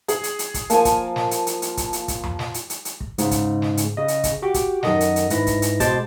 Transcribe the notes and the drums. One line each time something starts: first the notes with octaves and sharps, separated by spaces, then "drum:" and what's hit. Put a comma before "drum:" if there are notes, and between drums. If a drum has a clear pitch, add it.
G#4, drum: hi-hat
drum: hi-hat
drum: hi-hat
drum: kick, hi-hat
F3 A#3 G#5 A5, drum: hi-hat
drum: kick, hi-hat
drum: snare
drum: hi-hat
drum: hi-hat
drum: hi-hat
drum: kick, hi-hat
drum: hi-hat
drum: kick, hi-hat
drum: tom F2
drum: snare
drum: hi-hat
drum: hi-hat
drum: hi-hat
drum: kick
G#2 C#3, drum: hi-hat
drum: kick, hi-hat
drum: snare
drum: hi-hat
C#3 D#5
drum: hi-hat
drum: kick, hi-hat
F#4 G4 D6
drum: kick, hi-hat
F#2 D#3 A4 D#5 F#5, drum: snare
drum: hi-hat
drum: hi-hat
G#2 D4 E4 B4 A#6, drum: hi-hat
drum: kick, hi-hat
drum: hi-hat
B2 G#3 C5 A5 D6 A6, drum: kick, hi-hat